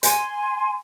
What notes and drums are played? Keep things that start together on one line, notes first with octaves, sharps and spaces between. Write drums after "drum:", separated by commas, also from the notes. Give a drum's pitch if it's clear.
G#5 C6, drum: hi-hat